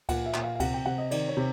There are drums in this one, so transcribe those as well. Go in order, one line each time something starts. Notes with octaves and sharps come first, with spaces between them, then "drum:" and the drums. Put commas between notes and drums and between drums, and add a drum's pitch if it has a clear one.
A#2 F#5, drum: kick C#2, cymbal
E5
A#2, drum: clap
F5
F5
C3 F#5, drum: kick C#2, cymbal
G5
C3 F#5
D#5
D#3 D5, drum: cymbal
C#5
C3